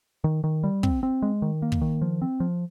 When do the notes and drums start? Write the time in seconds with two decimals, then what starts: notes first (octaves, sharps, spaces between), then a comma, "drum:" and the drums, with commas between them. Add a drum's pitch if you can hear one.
0.24 D#3
0.44 D#3
0.64 G3
0.83 C4, drum: kick
1.03 C4
1.22 G#3
1.42 D#3
1.62 A#3
1.72 drum: kick
1.81 D#3
2.02 F3
2.22 C4
2.40 F3